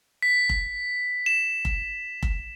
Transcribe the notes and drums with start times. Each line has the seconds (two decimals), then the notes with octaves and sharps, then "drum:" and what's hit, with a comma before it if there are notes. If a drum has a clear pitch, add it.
0.22 B6
0.49 drum: kick F1
1.26 E7
1.65 drum: kick F1
2.23 drum: kick F1